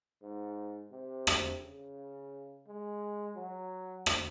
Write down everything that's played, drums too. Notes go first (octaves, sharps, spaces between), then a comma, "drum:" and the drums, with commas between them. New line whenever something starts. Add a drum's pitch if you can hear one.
G#2
C3
drum: rim click
C#3
G#3
F#3
drum: rim click